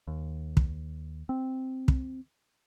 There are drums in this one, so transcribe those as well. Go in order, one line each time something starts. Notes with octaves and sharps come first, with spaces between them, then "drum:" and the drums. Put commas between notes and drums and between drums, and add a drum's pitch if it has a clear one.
D#2
drum: kick
C4
drum: kick